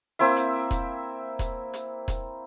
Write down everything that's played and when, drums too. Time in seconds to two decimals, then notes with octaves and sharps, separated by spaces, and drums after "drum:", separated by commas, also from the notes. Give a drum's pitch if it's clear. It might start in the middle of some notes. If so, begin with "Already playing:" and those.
0.19 A#3 C4 E4 E5
0.36 drum: hi-hat
0.71 drum: kick E1, hi-hat
1.39 drum: kick E1, hi-hat
1.73 drum: hi-hat
2.08 drum: kick E1, hi-hat